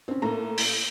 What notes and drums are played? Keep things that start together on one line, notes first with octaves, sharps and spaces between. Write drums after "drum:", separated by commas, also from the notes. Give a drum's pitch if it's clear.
C4 C#4
A2 A3 A#3 A#5
drum: open hi-hat